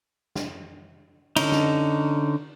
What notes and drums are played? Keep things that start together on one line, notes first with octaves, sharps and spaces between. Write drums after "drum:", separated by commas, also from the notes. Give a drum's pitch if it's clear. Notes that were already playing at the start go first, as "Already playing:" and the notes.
drum: snare
D3 C#4 D#4, drum: cymbal
drum: snare